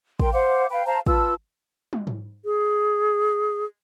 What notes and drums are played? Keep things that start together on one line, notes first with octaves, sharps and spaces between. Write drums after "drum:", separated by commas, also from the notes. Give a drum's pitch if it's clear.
A#4 G5 C6, drum: kick
C5 F5 F#5 D6
B4 F5 G5
C5 F5 A5 A#5
F4 B4 A5 E6, drum: kick
drum: tom
drum: tom G#2
G#4